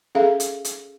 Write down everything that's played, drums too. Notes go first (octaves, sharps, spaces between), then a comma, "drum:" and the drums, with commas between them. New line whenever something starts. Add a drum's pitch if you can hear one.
C#4 G#4 A4 E5 F5
drum: hi-hat
drum: hi-hat